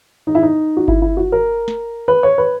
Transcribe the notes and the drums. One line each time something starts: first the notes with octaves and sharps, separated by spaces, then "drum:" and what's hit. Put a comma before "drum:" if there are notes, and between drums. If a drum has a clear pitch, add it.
D#4
E4
D#4
F#4
E4, drum: kick G1
E4
F#4
A#4
drum: snare
B4
C#5
B4